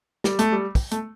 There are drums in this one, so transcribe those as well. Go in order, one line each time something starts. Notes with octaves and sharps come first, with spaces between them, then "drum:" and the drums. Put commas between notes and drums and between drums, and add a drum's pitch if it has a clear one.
G3, drum: snare
A3, drum: hi-hat
G3
drum: kick, open hi-hat
A3, drum: hi-hat